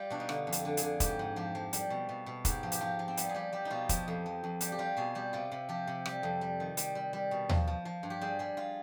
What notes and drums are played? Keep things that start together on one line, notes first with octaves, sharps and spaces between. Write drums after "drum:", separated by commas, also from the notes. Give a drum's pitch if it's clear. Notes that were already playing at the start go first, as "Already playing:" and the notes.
Already playing: G3 F4 G4
B2 D4
D#4
D3 F4, drum: rim click
F2
F4, drum: hi-hat
D3
G#4, drum: hi-hat
D3
G#2 G4, drum: kick, hi-hat
G#2
F3 G4
F3
G3, drum: hi-hat
B2
B2
B2
G#2 G4, drum: kick, hi-hat
F3
G4, drum: hi-hat
F3 F4
F3
C4
G3 B3, drum: hi-hat
G#4
G3 G4
G3 G4
D#4
B2 F4
F3 G4, drum: kick, hi-hat
F2
F3
F2
G3 G4, drum: hi-hat
G4
G3 F4
B2 G#4
G3 G4
C3 F4
C3
F3 G4
C3
G3 G4, drum: rim click
F2
G3
D#3
G3, drum: hi-hat
G3
G3
B2
F3, drum: tom D#2
F3
F3
G2
G4
G3 G#4
G3 G#4
F4